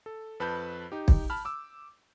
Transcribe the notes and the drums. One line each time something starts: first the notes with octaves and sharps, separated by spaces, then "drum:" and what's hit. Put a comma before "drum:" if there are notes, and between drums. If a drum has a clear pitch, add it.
A4
F2 B4 A5 B5 G6
D#4 G4
drum: kick
A5 B5 F6
D6 E6